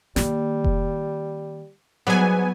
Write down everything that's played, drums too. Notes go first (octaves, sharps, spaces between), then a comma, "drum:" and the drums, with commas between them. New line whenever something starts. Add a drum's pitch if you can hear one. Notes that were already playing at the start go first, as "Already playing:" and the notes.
D#3 G3 A#3, drum: snare
drum: kick F1
G#2 F#3 B3 D5 G#5